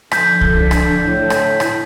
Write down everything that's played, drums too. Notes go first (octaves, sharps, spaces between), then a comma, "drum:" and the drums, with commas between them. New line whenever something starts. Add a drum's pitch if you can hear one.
D3 F3 A4 G6 B6, drum: rim click
drum: kick C2
drum: rim click
A2
drum: rim click
drum: rim click